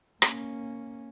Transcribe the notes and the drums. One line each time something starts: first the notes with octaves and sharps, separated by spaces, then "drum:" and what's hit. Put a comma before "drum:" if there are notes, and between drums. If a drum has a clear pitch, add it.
A#3 C#4, drum: rim click